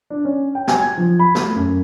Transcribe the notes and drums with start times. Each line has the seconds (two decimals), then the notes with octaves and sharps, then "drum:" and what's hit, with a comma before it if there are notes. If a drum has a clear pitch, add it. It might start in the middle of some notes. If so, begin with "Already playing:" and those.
0.10 D4
0.25 C#4
0.55 G5
0.68 G#5, drum: snare
0.82 G#6
0.97 F3
1.19 B5
1.35 A3, drum: snare
1.56 F#2